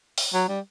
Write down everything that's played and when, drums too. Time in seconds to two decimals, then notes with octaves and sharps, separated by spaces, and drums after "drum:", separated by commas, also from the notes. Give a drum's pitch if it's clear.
0.18 drum: open hi-hat
0.34 F#3
0.49 G3